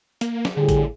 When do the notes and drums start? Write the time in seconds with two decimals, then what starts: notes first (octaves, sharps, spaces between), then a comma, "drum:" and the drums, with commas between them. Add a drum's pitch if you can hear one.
0.21 A#3, drum: hi-hat
0.45 drum: snare
0.57 A2 D3 G3 G#4
0.69 drum: kick, hi-hat